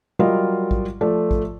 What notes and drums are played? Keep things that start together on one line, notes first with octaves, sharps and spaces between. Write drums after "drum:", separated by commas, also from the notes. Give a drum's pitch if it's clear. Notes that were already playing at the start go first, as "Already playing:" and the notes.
F#3 G3 F4 A#4 D#5 F5
drum: kick
F3 A3 D5
drum: kick